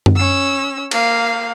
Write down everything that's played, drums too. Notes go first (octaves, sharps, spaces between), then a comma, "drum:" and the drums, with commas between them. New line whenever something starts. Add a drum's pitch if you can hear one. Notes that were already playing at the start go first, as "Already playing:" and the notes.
drum: tom F#2
C#4 E6
A#3 F5, drum: cymbal